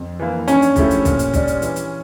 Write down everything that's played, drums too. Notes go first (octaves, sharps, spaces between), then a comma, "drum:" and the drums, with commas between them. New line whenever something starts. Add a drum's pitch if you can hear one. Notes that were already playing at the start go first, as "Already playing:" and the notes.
Already playing: F2
E3 A#3
G2 C#4, drum: hi-hat
drum: hi-hat
F3 A3 E4 G4, drum: kick, hi-hat
drum: hi-hat
A#2, drum: kick, hi-hat
drum: hi-hat
G3 D4, drum: kick, hi-hat
drum: hi-hat
E3, drum: hi-hat
drum: hi-hat